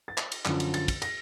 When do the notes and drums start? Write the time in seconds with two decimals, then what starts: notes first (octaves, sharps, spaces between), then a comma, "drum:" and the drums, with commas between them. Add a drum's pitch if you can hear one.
0.08 A6
0.17 drum: clap
0.32 drum: cymbal
0.45 F#2 D3 F3, drum: clap
0.60 drum: cymbal
0.74 A6, drum: cymbal
0.88 drum: kick, cymbal
1.02 A#6, drum: cymbal